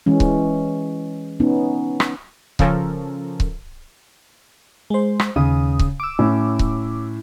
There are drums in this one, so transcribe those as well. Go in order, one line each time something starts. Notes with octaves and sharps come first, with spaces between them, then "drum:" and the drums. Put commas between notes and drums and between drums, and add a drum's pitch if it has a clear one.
E3 G#3 C#4
drum: kick C#1
B3 C#4 D#4
drum: rim click
C#3 F3 C#4 A4 A#4, drum: kick C#1
drum: kick C#1
G#3 C5
drum: rim click
D#2 C#3 D#6
drum: kick C#1
D6 E6
A2 C#4
drum: kick C#1